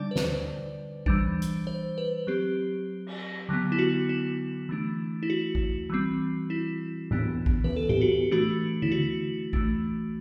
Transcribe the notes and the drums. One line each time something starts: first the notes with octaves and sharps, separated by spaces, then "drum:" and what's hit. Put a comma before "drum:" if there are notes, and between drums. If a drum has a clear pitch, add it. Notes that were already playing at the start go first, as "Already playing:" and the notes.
Already playing: D3 G3 D4 D5
B4
C5, drum: snare
E3 G3 D4, drum: kick A1
drum: hi-hat
C5
B4
F#3 C4 G4
drum: cymbal
D3 F#3 B3
E4
F#4
E4
E3 A3 D4
E4
F#4
drum: kick A1
E3 G3 C4
E4
E3 B3 D4, drum: tom A2
drum: kick A1
B4, drum: tom E3
A4
G4, drum: tom A2
F#4
E3 A3 D4 F#4
E4, drum: tom D3
F#4
E3 A3 D4, drum: kick A1